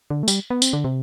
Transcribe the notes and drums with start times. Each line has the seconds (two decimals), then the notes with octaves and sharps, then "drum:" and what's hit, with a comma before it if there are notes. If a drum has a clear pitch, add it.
0.10 D3
0.23 A3
0.28 G3, drum: tambourine
0.50 B3
0.62 C4, drum: tambourine
0.73 D3
0.84 C3